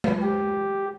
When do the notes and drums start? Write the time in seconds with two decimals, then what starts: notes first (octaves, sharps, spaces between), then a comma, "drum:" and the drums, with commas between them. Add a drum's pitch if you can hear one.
0.04 drum: tom G#3
0.22 G4